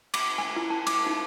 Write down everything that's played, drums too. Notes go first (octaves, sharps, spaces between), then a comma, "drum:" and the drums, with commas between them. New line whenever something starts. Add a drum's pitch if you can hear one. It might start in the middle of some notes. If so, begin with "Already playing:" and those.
D6, drum: cymbal
G#5
E4
A5
D6, drum: cymbal
D#4